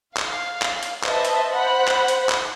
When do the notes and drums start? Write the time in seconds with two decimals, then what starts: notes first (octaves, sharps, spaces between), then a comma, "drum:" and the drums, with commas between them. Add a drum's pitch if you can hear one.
0.17 F5, drum: clap
0.62 drum: clap
0.83 drum: hi-hat
1.04 B4 C5 D#5 E5 A5, drum: clap
1.25 drum: hi-hat
1.50 C5 F#5 B5
1.87 drum: clap
2.08 drum: hi-hat
2.29 drum: clap